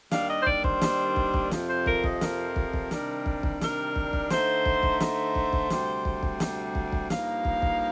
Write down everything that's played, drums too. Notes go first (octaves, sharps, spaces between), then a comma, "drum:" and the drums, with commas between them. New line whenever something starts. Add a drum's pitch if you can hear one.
D#2 D#3 G3 D4 F5, drum: snare
D#5
C5
D5, drum: kick
C5, drum: kick
drum: snare
drum: kick
drum: kick
F2 C3 F3, drum: snare
C5
A#4, drum: kick
D#5, drum: kick
A#4, drum: snare
drum: kick
drum: kick
C3 D#3 G3 D4, drum: snare
drum: kick
drum: kick
A#4, drum: snare
drum: kick
drum: kick
D3 A3 D#4 C5, drum: snare
drum: kick
drum: kick
C5, drum: snare
drum: kick
drum: kick
D2 C3 G3, drum: snare
drum: kick
drum: kick
drum: snare
drum: kick
drum: kick
G2 F3 A#3 D#4 F5, drum: snare
drum: kick
drum: kick